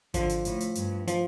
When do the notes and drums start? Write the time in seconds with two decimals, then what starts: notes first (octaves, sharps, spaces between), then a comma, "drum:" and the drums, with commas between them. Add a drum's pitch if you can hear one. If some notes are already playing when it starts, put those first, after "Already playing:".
0.14 D3 F3, drum: kick G#1, hi-hat
0.29 drum: hi-hat
0.45 A2, drum: hi-hat
0.60 drum: hi-hat
0.75 G2, drum: hi-hat
1.08 F3, drum: hi-hat